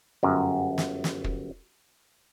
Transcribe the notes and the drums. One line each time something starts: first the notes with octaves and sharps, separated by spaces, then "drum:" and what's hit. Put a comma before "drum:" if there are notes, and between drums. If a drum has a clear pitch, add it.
G1 F#2
drum: snare
drum: snare
drum: kick